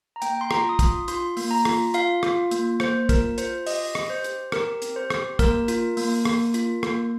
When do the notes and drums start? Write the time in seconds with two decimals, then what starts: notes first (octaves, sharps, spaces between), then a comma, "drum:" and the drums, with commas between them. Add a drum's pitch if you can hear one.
0.16 A#5
0.22 A#3 G5, drum: hi-hat
0.41 C6
0.51 F4 A#5, drum: rim click
0.69 D#6
0.79 F4 C6, drum: kick, hi-hat
1.08 F4 C6, drum: hi-hat
1.37 A#3, drum: open hi-hat
1.51 A#5
1.65 F4, drum: rim click
1.94 F4 F5, drum: hi-hat
2.23 F4, drum: rim click
2.51 A#3, drum: hi-hat
2.80 A#3 C5, drum: rim click
3.09 F4 A#4, drum: kick, hi-hat
3.38 F4 C5, drum: hi-hat
3.66 G4 D#5, drum: open hi-hat
3.95 G4, drum: rim click
4.10 C5
4.24 G4, drum: hi-hat
4.52 G4 A#4, drum: rim click
4.82 C4, drum: hi-hat
4.96 C5
5.10 G4, drum: rim click
5.39 A#3 A#4, drum: kick, hi-hat
5.68 F4, drum: hi-hat
5.97 A#3, drum: open hi-hat
6.25 A#3, drum: rim click
6.54 F4, drum: hi-hat
6.83 A#3, drum: rim click